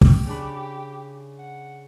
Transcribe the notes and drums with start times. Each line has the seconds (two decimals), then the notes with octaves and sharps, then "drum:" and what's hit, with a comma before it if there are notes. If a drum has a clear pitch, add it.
0.01 G4, drum: kick
0.27 C#3 D4 B5
1.38 F#5